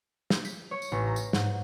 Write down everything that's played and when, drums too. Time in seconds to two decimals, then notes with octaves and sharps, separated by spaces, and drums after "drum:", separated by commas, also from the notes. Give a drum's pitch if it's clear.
0.30 drum: snare
0.45 B6, drum: tambourine
0.71 C#5
0.82 drum: tambourine
0.92 A1
1.07 A#5
1.16 drum: tambourine
1.33 G#2, drum: snare